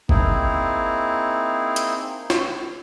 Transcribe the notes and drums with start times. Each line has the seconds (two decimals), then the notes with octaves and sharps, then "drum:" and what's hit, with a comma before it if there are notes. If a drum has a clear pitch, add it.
0.09 A#3 C4 D#4 E4 G#4, drum: kick G1
1.76 drum: hi-hat
2.30 drum: snare